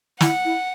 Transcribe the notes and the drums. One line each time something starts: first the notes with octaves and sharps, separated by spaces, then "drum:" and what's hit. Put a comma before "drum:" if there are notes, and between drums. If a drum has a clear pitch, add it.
E4 F#5, drum: snare
E4